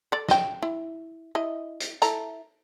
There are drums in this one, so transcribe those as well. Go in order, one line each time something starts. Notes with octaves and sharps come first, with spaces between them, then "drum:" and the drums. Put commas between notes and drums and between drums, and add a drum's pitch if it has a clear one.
A4 D5
D#5 G5, drum: snare
E4
E4 D#5
drum: hi-hat
E4 A4 A#5, drum: hi-hat